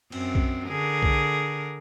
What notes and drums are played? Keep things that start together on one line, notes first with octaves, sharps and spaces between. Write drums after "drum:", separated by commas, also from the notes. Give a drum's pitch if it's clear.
F#2 C4, drum: cymbal
drum: kick B1
D3 G#4 A#4
drum: kick B1